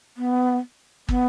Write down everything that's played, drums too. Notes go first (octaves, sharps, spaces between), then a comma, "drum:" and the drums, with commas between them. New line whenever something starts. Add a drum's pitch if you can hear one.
B3
B3, drum: kick